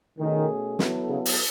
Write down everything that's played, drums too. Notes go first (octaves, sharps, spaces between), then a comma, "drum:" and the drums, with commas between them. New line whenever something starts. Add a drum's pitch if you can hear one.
B2 D#3 A3 C#4 G#4
F#3 B3 E4 A4, drum: snare
C#3
drum: open hi-hat